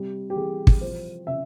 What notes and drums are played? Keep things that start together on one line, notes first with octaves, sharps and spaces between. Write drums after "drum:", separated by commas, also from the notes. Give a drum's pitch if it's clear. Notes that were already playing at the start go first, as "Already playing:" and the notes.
Already playing: C3 G3
G4
E3 G#4
drum: kick
F3 C5
C#3 E5